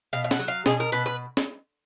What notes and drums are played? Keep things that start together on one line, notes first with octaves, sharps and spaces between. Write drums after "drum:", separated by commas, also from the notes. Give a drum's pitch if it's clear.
B2 F5
F5
F#5, drum: snare
F#3
F5
B2 G#4, drum: snare
A#4
B2 B4
B4
drum: snare